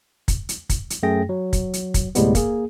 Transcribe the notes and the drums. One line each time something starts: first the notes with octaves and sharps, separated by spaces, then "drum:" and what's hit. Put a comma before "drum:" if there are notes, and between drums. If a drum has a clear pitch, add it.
drum: kick, hi-hat
drum: hi-hat
drum: kick, hi-hat
drum: hi-hat
F#2 A3 G#4 G5 A#6
F#3
drum: kick, hi-hat
drum: hi-hat
drum: kick, hi-hat
D2 A2 C3 G3 G#3 B3, drum: hi-hat
A#3 G#4, drum: kick, hi-hat